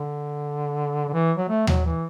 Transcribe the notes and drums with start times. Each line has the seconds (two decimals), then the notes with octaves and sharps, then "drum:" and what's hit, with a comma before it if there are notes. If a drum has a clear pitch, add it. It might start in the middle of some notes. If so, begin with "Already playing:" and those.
Already playing: D3
1.09 D3
1.13 E3
1.37 F#3
1.49 A3
1.67 F#3, drum: tom D#2
1.86 E3